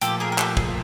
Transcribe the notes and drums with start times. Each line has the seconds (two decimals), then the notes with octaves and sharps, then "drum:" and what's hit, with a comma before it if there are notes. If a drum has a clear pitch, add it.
0.01 A#2 F3 A3 G4 A4, drum: hi-hat
0.20 G#4 A#4
0.32 A#4
0.38 G4 A4, drum: clap
0.57 G#4, drum: kick